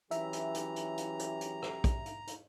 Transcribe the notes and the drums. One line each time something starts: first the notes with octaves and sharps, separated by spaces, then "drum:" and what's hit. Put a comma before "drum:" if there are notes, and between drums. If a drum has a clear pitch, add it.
E3 F#3 C#4 G4 E5 A#5, drum: hi-hat
drum: hi-hat
drum: hi-hat
drum: hi-hat
drum: hi-hat
drum: hi-hat
drum: hi-hat
drum: rim click
drum: kick, hi-hat
drum: hi-hat
drum: hi-hat